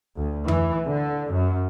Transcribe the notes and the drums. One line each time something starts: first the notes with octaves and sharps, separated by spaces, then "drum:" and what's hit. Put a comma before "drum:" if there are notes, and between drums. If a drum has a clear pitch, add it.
D2
E3, drum: tom F2
D3
F#2